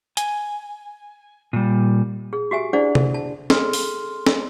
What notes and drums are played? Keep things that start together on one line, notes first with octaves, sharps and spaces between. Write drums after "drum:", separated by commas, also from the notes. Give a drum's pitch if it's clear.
G#5, drum: hi-hat
A#2 G3
G#4
F#4 G4 E5 G#5
D4 E4 G#4 C5 D5 F#5
drum: tom
A5
G#4 A4 C6 F6, drum: snare
drum: open hi-hat
drum: snare